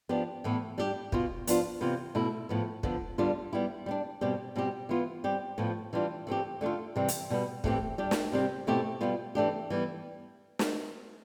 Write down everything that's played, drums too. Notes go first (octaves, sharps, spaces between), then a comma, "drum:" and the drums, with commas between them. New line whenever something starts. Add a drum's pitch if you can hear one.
F3 B3 D4 G4
A2 E3 B3
G3 D4 G4
B2 B3 F4, drum: kick
F3 B3 D4 F4, drum: hi-hat
C3 E3 B3 F4
B2 A3 E4
A2 F3 B3
D3 F3 B3, drum: kick
D3 G3 B3 D4 F4
G3 B3 E4 G4
G3 B3 D4
B2 G3 C4 G4
B2 G3 C4 G4
E3 B3 F4
G3 C4 G4
A2 F3 B3
E3 G3 D4 F4
E3 A3 C4 G4
D3 A3 D4 F4
C3 E3 G3 C4
drum: hi-hat
B2 G3 B3
A2 E3 A3 C4 G4, drum: kick
G3 D4 G4
drum: snare
C3 G3 C4 G4
B2 A3 C4 E4 G4
B2 G3 B3 F4
E3 A3 D4 G4
E3 G3 B3
drum: snare